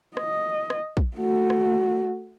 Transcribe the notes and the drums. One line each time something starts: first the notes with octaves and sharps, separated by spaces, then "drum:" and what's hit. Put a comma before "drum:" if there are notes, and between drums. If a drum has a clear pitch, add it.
D#5, drum: rim click
drum: rim click
drum: kick
A3 F#4
drum: rim click